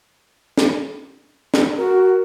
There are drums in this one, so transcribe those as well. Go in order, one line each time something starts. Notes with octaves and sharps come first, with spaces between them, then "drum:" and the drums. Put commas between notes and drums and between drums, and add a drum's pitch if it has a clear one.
drum: snare
drum: snare
F#4 A#4